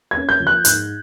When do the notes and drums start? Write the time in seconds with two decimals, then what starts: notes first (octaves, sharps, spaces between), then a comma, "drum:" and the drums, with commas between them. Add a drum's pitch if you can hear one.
0.11 G#6
0.17 C#4
0.29 G6
0.40 F3
0.47 F#6
0.65 G#2 F#6, drum: hi-hat